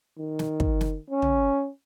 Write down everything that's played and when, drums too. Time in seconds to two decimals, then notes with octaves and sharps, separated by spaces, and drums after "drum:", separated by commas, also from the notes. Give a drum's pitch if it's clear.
0.18 D#3
0.39 drum: snare
0.60 drum: kick
0.81 drum: snare
1.10 C#4
1.22 drum: tom